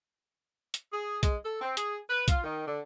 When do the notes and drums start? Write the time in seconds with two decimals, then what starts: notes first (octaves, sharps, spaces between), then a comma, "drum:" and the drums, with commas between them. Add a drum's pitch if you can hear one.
0.74 drum: hi-hat
0.91 G#4
1.23 G#3, drum: kick B1, hi-hat
1.44 A4
1.62 C4
1.77 G#4, drum: hi-hat
2.09 B4
2.28 F4, drum: kick B1, hi-hat
2.44 D#3
2.68 D3